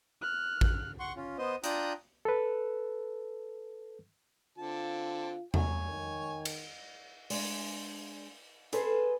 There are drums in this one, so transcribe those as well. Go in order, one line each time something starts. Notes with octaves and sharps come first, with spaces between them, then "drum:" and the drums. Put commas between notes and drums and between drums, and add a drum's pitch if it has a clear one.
F6 F#6
drum: kick A1
F#5 C6 C#6
C#4 F4
B3 C5 D#5
D4 F4 G5 A#5 D#6 F#6, drum: hi-hat
A4 B4
D3 C4 F4 A5
C#5 G#5, drum: tom E2
D#3
drum: cymbal
G#3 D4, drum: open hi-hat
G#4 A4 B4 C5, drum: hi-hat